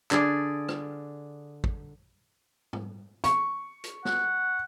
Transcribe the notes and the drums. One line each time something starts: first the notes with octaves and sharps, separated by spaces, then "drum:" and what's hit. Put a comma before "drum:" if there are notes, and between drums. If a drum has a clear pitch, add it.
D3 G#4 D5, drum: clap
drum: rim click
drum: kick
drum: tom
C#6, drum: hi-hat
drum: hi-hat
F#5, drum: snare